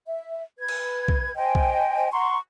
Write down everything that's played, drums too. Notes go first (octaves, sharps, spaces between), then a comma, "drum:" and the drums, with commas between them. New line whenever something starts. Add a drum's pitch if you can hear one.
E5
B4 G#6
drum: cymbal
drum: kick
C5 D#5 G5 G#5
drum: kick
F#5 A#5 C6 C#6